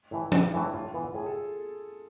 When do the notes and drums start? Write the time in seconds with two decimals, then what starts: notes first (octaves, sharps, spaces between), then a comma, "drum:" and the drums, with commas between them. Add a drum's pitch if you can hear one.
0.11 A2 E3 E4
0.32 B1 D4, drum: tom
0.53 A2 E3 E4
0.73 A2 F4
0.94 E3 B3
1.14 A2 G#4
1.26 A4